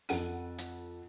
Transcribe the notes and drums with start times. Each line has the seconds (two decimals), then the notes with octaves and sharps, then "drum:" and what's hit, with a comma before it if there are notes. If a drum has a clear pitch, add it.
0.09 F2 A4 F#5 D#7, drum: open hi-hat
0.58 drum: hi-hat